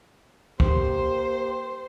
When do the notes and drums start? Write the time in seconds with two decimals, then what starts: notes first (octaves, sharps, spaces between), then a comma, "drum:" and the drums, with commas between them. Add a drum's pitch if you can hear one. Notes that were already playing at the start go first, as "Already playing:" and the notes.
0.60 A#3 G4 C5, drum: kick